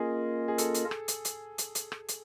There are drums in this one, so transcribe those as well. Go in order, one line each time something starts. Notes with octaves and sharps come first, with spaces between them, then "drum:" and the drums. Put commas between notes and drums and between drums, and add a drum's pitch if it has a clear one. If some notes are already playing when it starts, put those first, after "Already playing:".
Already playing: A#3 C#4 F4 G#4 A#4 D#5
G#4
A4, drum: hi-hat
drum: hi-hat
drum: rim click
drum: hi-hat
drum: hi-hat
drum: hi-hat
drum: hi-hat
drum: rim click
drum: hi-hat